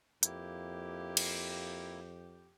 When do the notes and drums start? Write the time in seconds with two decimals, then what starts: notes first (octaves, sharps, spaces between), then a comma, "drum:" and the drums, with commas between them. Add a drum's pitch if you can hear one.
0.23 F2 A#3 E4 G4, drum: hi-hat
1.17 drum: cymbal